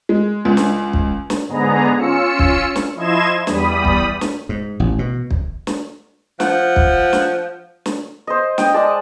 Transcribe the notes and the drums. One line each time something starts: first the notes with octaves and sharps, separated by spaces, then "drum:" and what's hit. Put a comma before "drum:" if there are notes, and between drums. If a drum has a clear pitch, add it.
G#3
C#2
drum: snare
drum: kick
drum: snare
G#2 D3 B3 G#4 A#5
C#4 F4 E6 C#7
drum: kick
drum: snare
F3 E4 D#5 C6 G#6 E7
E2 G3 B5 D#6, drum: snare
drum: kick
drum: snare
G#2
A1
B2
drum: kick
drum: snare
F3 F#5, drum: snare
drum: kick
drum: snare
drum: snare
C5 D#5
G5 D#6, drum: snare
G#3 D5 A5